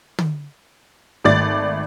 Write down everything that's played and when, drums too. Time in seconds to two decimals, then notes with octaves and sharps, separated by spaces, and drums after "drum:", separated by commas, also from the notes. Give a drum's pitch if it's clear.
0.19 drum: tom
1.24 G#1 A3 D5 A6